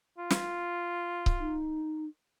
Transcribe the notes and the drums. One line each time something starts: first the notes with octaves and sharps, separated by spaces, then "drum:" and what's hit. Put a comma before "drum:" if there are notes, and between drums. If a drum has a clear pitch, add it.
F4
drum: snare
drum: kick C#1
D#4